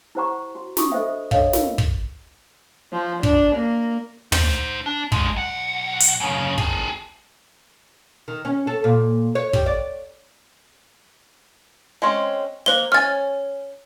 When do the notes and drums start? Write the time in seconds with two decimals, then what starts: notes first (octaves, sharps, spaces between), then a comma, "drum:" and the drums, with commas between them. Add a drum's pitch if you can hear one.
0.15 E4 G4 C5 F#5 A#5 C#6
0.55 F#4
0.77 D4 G#4 B5 C#6 D#6, drum: snare
0.92 A4 C5 D#5 E5
1.31 D4 A4 C#5 D#5 F5, drum: kick
1.53 F4 A#4, drum: snare
1.78 drum: kick
2.93 F3
3.23 D4, drum: kick
3.56 A#3
4.32 D#4 C5, drum: tom
4.86 D4
5.12 D3 G#3, drum: kick
5.36 B1 F#5
6.00 drum: hi-hat
6.20 F#2 C#3
6.58 G#4 A4, drum: kick
8.28 D#3
8.45 C#4
8.67 A4
8.84 A#2
9.35 C#5
9.53 G3, drum: kick
9.66 D5
12.02 G#3 C4 C#4
12.66 A#3 C5 G7
12.92 C#4 G#5 F6 A6